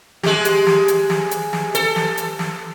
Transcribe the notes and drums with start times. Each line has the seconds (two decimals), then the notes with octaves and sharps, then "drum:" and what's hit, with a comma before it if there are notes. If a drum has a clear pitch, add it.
0.23 G#3 G4, drum: snare
0.45 drum: hi-hat
0.67 drum: snare
0.88 drum: hi-hat
1.10 drum: snare
1.31 drum: hi-hat
1.53 drum: snare
1.75 A4, drum: hi-hat
1.96 drum: snare
2.18 drum: hi-hat
2.39 drum: snare